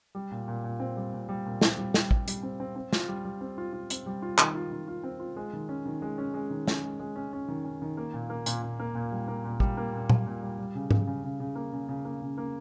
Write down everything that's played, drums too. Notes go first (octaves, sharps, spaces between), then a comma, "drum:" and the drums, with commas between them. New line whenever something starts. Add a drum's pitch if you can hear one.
G3
A#2
A#2
A#2
C4
G3
A#2
G3
A#2
C4, drum: snare
G3
G3, drum: snare
G3, drum: kick
G3, drum: hi-hat
C4
C4
C4
F4, drum: snare
G3
G3
C4
F4
F4
C4, drum: hi-hat
G3
F4
D#3, drum: clap
F4
D#3
F4
C4
F4
G#3
D#3
C#4
D#3
G#3
C#4
G#3
D#3
C#4, drum: snare
G#3
G#3
C#4
C#4
D#3
C#4
D#3
A#3
A#2
A#3
A#2, drum: hi-hat
A#2
A#3
A#2
G3
A#3
A#2
G3, drum: kick
A#3
A#2
G3, drum: tom A#2
A#2
G3
G3
C#3
C#3, drum: tom G#2
C#3
C#3
C#3
A#3
C#3
C#3
A#3
C#3
A#3